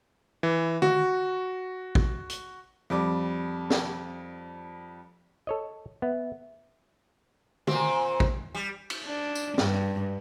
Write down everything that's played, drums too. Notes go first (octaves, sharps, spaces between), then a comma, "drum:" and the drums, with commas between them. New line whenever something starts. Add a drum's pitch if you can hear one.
E3
F#4, drum: tom D3
drum: kick
drum: hi-hat
F2 G3 D6
drum: snare
A4 C#5 D#5
B3 E5
A#2 C4, drum: tom D3
drum: kick
G3
drum: cymbal
D4
drum: tambourine
G2, drum: snare